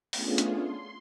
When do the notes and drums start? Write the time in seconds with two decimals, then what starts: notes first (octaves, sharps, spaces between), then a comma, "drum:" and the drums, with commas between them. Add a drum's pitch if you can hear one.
0.13 A3 B3 C#4 D4 F4 G#4, drum: open hi-hat
0.38 drum: hi-hat
0.59 C6